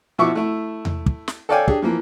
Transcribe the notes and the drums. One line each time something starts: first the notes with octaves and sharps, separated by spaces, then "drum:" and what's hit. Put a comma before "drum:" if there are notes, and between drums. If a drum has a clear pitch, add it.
B2 F3 E4 E5 C#6 D6
A3 E4
drum: tom E2
drum: kick
drum: snare
A4 C#5 D5 F5 G5 G#5
D4 G4 G#4, drum: kick
E3 F3 A#3